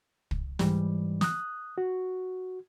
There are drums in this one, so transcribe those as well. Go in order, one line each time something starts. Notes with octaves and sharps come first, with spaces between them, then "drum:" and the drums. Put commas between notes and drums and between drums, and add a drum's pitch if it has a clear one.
drum: kick
G#2 E3 G3, drum: snare
D#6 F#6, drum: snare
F#4